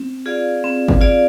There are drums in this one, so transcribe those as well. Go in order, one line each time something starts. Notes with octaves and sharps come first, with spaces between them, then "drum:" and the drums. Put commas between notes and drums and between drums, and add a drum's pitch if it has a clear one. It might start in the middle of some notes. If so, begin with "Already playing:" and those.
Already playing: C4
F4 G#4 D5 F5
C4
drum: kick
F4 G#4 D5 F5